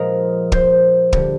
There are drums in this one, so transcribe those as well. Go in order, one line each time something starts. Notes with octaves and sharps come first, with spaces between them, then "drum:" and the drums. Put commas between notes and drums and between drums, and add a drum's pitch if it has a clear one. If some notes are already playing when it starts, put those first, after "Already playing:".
Already playing: A#2 F3 G#3 A#4 D#5
C5, drum: kick
D3 G3, drum: kick